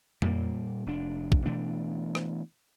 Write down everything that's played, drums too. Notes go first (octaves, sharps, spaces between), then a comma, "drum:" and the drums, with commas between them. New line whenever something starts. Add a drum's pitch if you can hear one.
A#2 G3 A3 A#3, drum: tom F2
F1 D4
drum: kick
B2 E3 A3 D4
drum: rim click